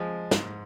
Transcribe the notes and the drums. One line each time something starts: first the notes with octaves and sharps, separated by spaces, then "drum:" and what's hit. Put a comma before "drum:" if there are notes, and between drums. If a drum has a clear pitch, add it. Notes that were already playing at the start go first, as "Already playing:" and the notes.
Already playing: F3 G#3
G#2, drum: snare